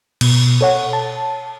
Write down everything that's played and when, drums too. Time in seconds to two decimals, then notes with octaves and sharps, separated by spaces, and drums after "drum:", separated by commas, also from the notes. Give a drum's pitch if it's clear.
0.21 B2, drum: cymbal
0.61 A4 C#5 F#5
0.93 A5